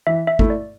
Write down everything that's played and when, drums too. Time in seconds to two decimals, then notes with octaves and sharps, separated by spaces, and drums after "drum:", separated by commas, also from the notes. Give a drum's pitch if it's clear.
0.07 E3 E5
0.27 E5
0.39 A3 E4, drum: kick G#1
0.50 D5